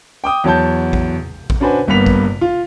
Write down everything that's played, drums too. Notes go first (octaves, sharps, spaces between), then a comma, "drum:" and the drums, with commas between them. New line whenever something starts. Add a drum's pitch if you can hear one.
G5 D6 D#6
E2 F#3 C#5 A5 G6
drum: kick A1
drum: kick A1
C#4 D4 F#4 B4 C5 G#5
G1 G2 A#3 B3 B6 F7
drum: kick A1
F4